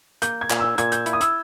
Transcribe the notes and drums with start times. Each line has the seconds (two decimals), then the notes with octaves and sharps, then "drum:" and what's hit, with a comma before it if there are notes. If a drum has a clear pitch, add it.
0.22 A#3 G6, drum: hi-hat
0.41 G#6
0.50 A#2, drum: clap
0.59 E6
0.78 A#2 G#6, drum: hi-hat
0.92 G6, drum: hi-hat
1.06 E4, drum: hi-hat
1.13 D#6
1.21 E6, drum: hi-hat